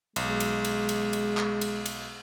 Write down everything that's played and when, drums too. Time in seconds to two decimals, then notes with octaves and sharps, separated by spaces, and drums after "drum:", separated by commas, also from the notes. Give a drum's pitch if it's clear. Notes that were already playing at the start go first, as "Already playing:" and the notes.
0.16 B1 G#3, drum: cymbal
0.40 drum: cymbal
0.65 drum: cymbal
0.89 drum: cymbal
1.13 drum: cymbal
1.37 drum: clap
1.61 drum: cymbal
1.86 drum: cymbal